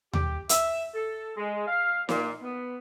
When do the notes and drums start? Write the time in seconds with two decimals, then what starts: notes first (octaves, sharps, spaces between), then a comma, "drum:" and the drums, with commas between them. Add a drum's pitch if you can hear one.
0.13 G4, drum: tom D#2
0.49 E5, drum: hi-hat
0.95 A4
1.37 G#3
1.67 F5
2.09 A#2, drum: snare
2.42 B3